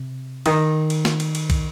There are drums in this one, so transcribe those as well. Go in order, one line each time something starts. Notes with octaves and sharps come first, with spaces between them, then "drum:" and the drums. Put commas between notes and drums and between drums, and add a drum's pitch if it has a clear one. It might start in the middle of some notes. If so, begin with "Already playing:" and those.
Already playing: C3
D#3, drum: cymbal
drum: cymbal
drum: snare
drum: cymbal
drum: cymbal
drum: kick, cymbal